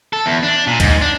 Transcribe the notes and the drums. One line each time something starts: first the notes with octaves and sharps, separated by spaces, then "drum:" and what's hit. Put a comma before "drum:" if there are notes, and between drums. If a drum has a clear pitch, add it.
A4
E2
D4
A#2
G#2, drum: kick, hi-hat
D4